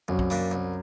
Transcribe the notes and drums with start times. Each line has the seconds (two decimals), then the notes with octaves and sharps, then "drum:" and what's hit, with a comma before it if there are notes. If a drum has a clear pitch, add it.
0.08 C2 F#2 F#3
0.19 drum: kick
0.30 A#2 G3 A#3 D4
0.51 C2